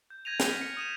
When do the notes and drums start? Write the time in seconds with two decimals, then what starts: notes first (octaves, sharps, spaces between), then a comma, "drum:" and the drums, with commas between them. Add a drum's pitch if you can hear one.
0.10 G6
0.25 G6 G#6 A#6 D#7 F7
0.40 F6 G6 G#6 B6 D#7 G7, drum: snare
0.61 C#7
0.77 D#6 D#7 E7